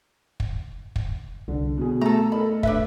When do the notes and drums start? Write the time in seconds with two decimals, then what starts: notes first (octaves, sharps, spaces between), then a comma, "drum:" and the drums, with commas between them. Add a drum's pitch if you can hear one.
0.40 drum: kick
0.96 drum: kick
1.48 C2 D3
1.77 B2 G#4
2.01 A3 A4 A#5
2.32 A4 A#4 D#5 B5
2.63 D4 B4 E5, drum: kick